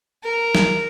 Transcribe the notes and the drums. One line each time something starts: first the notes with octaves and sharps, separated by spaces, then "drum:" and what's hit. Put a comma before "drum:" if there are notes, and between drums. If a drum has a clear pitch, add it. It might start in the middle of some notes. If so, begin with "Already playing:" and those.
A#4
drum: snare